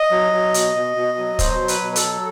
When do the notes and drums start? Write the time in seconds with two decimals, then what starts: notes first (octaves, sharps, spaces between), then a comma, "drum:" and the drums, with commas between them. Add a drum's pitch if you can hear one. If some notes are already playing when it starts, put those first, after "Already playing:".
Already playing: D#5
0.11 F#3
0.32 F#3
0.54 B2, drum: hi-hat
0.75 B2
0.96 B2
1.18 F#3
1.39 B2 C5, drum: kick, hi-hat
1.60 F#3
1.68 B4, drum: hi-hat
1.81 B2
1.92 B4
1.96 A4, drum: hi-hat
2.03 F#3